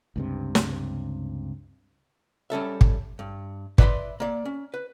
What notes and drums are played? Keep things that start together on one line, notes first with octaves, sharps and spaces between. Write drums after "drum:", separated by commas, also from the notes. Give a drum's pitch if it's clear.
C#2 G2 C3
drum: snare
G3 C#4 A4 E5
drum: kick
G2
B4 D5 E5 G5 B5 C6, drum: kick
A#3 D5
C#4
B4